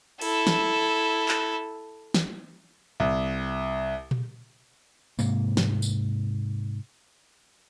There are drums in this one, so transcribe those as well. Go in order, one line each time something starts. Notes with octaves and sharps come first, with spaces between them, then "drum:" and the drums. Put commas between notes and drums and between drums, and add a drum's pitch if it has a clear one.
E4 A4, drum: open hi-hat
drum: snare
drum: clap
drum: snare
C2
drum: tom A#2
G#2 C3 A#3, drum: tambourine
drum: snare
drum: tambourine